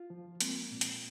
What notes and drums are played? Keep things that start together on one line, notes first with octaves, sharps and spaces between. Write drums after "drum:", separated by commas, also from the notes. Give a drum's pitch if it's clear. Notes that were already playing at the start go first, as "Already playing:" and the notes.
Already playing: F4
F3
G#3 A#3 C4, drum: hi-hat
A#2
drum: hi-hat